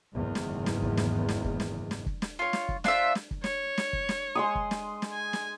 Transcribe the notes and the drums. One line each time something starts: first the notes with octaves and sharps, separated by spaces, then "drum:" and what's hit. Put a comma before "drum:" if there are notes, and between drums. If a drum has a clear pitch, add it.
F#1 E2 G#2 D#3
drum: snare
drum: snare
drum: kick
drum: snare
drum: snare
drum: kick
drum: snare
drum: snare
drum: kick
drum: snare
F4 C#5
drum: snare
drum: kick
D4 F4 C5 E5, drum: snare
drum: snare
drum: kick
C#5, drum: snare
drum: snare
drum: kick
drum: snare
G#3 C6 D#6
drum: kick
drum: snare
drum: snare
G#5
drum: snare